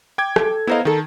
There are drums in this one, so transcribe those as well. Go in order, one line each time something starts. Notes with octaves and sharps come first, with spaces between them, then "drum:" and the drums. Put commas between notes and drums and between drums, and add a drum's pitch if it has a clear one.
G5 D6 G#6
A4, drum: rim click
B3 E4 A#4 C5 D#5 F5
D#3 D#4 A4